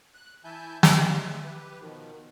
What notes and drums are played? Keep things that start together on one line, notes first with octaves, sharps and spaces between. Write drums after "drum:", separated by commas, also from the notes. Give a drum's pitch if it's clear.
F#6
E3 E4 E5 G#5 A5 G6
D5 A5, drum: snare
G#3 E5
G4 B4
B2 D#3 F3